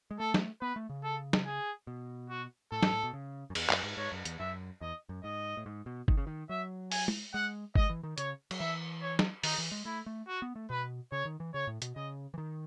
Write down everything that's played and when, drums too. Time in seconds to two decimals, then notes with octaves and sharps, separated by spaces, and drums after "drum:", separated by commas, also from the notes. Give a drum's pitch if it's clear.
0.11 G#3
0.19 A3 A4
0.34 drum: snare
0.61 B3 B4
0.76 A3
0.89 C#3
1.03 A4
1.33 drum: snare
1.45 G#4
1.87 B2
2.30 F#4
2.72 A2 A4
2.83 G#2, drum: snare
2.93 A2
3.03 B2
3.14 C#3
3.50 F#2
3.55 E2, drum: cymbal
3.70 F#2, drum: clap
3.83 G#2
3.97 G#2 C#5
4.12 F#2
4.25 E2, drum: hi-hat
4.39 F#2 E5
4.81 E2 D#5
5.09 F#2
5.24 G#2 D#5
5.57 A2
5.66 G#2
5.86 B2
6.08 D#3, drum: kick G1
6.17 C#3
6.27 D#3
6.49 F#3 E5
6.92 G#5, drum: open hi-hat
7.08 drum: tom
7.34 G#3 F#5
7.75 G#3 D#5, drum: kick G1
7.90 E3
8.03 D#3
8.18 C#3 C#5, drum: hi-hat
8.51 F#3, drum: cymbal
8.60 E3 E5
9.02 C#5
9.19 drum: snare
9.43 D#3 D#4, drum: open hi-hat
9.58 E3
9.72 G#3
9.85 A3 E4
10.06 A3
10.28 F#4
10.42 B3
10.56 A3
10.70 B2 B4
11.12 C#3 C#5
11.25 D#3
11.40 E3
11.54 C#3 C#5
11.67 A2
11.82 B2, drum: hi-hat
11.96 C#3 D#5
12.34 E3
12.38 D#3